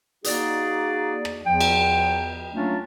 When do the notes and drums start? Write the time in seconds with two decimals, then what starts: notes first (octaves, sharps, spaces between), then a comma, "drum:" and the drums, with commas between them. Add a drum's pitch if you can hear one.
0.24 A#3 D#4 F#4 G#4 D5, drum: hi-hat
1.25 drum: rim click
1.45 E2 F3 G5
1.61 drum: cymbal
2.53 F#3 A3 A#3 C#4 D4 F4